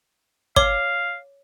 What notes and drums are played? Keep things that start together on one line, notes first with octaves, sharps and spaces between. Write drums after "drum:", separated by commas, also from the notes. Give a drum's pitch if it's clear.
C#5 F5 D6 G7, drum: kick